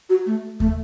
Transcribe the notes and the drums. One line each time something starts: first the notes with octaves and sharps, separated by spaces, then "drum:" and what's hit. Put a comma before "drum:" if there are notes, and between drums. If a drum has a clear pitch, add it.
F#4
A3
A3, drum: kick D#2